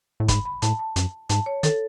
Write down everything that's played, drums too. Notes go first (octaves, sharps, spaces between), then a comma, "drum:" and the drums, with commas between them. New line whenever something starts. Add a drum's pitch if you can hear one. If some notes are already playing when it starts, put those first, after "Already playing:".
A2
G#2 B5, drum: kick, hi-hat
B5
A2 A5, drum: hi-hat
A5
F#2, drum: hi-hat
G#2 A5, drum: hi-hat
C#5
D#3 A4, drum: hi-hat